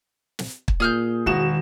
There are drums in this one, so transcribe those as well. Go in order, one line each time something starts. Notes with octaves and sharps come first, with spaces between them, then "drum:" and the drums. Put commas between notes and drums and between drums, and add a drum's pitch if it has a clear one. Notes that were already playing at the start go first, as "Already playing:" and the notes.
drum: snare
drum: kick
A#2 G#4 F6 G6
E1 D#3 F#4 E7